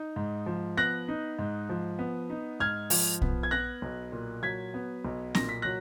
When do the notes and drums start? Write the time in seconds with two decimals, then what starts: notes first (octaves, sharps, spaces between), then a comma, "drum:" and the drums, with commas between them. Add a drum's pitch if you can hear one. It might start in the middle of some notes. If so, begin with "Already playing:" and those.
Already playing: D#4
0.16 G#2
0.46 F3
0.77 B3 F#6 A#6
1.08 D#4
1.39 G#2
1.69 F3
1.99 B3
2.30 D#4
2.60 G#2 F6 G#6
2.90 F3, drum: open hi-hat
3.22 B3, drum: kick B1
3.43 G#6
3.51 B3 F#6 A#6
3.82 B1
4.12 A#2
4.43 F#3 G#6 B6
4.74 B3
5.05 B1
5.35 A#2 A#6, drum: snare C4
5.49 B6
5.62 F#3 F#6 A#6